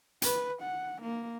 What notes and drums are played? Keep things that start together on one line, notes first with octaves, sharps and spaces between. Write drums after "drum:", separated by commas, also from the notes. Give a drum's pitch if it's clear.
B4, drum: hi-hat
F#5
A#3